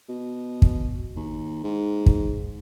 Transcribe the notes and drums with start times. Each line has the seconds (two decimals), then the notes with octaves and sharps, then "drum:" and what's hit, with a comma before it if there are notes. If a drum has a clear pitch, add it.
0.09 B2
0.62 drum: kick
1.16 D#2
1.64 G#2
2.06 drum: kick